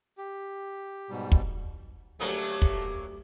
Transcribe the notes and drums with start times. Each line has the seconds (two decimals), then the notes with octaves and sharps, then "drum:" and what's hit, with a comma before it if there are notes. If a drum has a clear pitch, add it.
0.18 G4
1.10 G#2 B2 G3
1.32 drum: kick
2.20 D2 F#3 A3 A#3 C#4 G4 D#6
2.62 drum: kick